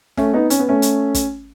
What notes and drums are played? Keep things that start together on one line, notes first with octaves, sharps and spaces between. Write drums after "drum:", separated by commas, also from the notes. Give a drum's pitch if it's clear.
A3 C#4, drum: snare
B3 D#4
C#4, drum: hi-hat
B3
A3 C#4
drum: hi-hat
drum: kick, hi-hat